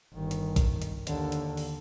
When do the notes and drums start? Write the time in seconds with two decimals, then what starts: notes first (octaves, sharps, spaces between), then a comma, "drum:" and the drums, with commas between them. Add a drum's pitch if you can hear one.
0.14 G1 D#3
0.31 drum: hi-hat
0.56 drum: kick A#1, hi-hat
0.82 drum: hi-hat
1.07 D#2 D3, drum: hi-hat
1.32 drum: hi-hat
1.57 drum: open hi-hat